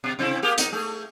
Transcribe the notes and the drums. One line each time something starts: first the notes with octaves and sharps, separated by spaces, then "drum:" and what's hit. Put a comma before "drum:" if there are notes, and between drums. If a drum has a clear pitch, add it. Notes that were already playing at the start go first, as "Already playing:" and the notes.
B2
C3 C4 E4
A#3 G4 G#4
D#4, drum: hi-hat
A3 G#4